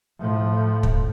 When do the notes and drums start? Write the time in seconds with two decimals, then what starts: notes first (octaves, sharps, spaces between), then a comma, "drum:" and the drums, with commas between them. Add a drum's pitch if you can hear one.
0.18 A2 F3
0.83 drum: kick